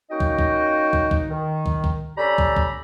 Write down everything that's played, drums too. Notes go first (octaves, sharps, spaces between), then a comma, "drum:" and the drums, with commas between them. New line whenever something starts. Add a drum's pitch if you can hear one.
A#3 C#4 D#4 F#4 D#5 G5
drum: kick
drum: kick
drum: kick
drum: kick
D#3
drum: kick
drum: kick
C#4 D4 G4 A4 A#5 B5
drum: kick
drum: kick